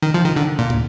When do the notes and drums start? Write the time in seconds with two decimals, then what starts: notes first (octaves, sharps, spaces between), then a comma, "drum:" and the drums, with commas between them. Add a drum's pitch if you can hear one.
0.02 D#3
0.14 F3
0.25 D#3
0.36 D3
0.59 A#2
0.70 drum: tom